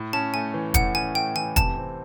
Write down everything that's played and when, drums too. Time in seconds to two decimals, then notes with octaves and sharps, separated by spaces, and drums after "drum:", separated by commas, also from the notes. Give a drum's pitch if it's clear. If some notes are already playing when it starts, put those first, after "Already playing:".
Already playing: A2
0.13 C#4 A5
0.34 A3 G#5
0.54 E3
0.74 A2 F#5, drum: kick, hi-hat
0.95 C#4 G#5
1.15 A3 G5
1.36 E3 G#5
1.56 C3 A5, drum: kick, hi-hat
1.77 C4